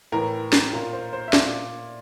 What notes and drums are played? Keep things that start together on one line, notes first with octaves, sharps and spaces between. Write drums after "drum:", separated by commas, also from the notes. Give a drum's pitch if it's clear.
A2 E3 A#4
drum: snare
A#2 A#4
C5
C5
E5
A#2 D5, drum: snare